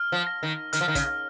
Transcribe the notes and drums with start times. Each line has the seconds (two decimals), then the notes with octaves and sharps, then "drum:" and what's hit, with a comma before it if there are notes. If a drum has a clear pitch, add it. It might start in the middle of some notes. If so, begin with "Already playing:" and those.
Already playing: F6
0.12 F3
0.27 A#6
0.43 D#3
0.73 D#3 F6, drum: hi-hat
0.81 F3
0.88 D#3
0.95 C#3, drum: kick, hi-hat